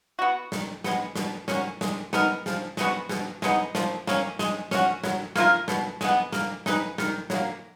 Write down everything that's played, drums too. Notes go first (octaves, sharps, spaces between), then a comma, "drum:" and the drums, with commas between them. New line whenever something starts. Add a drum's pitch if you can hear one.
B3 F#4
D#3, drum: snare
G#3 B3, drum: snare
B2, drum: snare
A#3 C#4 F#4, drum: snare
G#3, drum: snare
B3 D#4 A#4, drum: snare
F3, drum: snare
G#3 B3 F#4, drum: snare
B2, drum: snare
G#3 B3 D#4, drum: snare
F3, drum: snare
A#3 C#4, drum: snare
G#3, drum: snare
C#4 F#4, drum: snare
F#3, drum: snare
A#3 F4 A#4, drum: snare
B2, drum: snare
G#3 B3, drum: snare
A#3, drum: snare
D#4 G#4 B4, drum: snare
D#3, drum: snare
F#3 A#3, drum: snare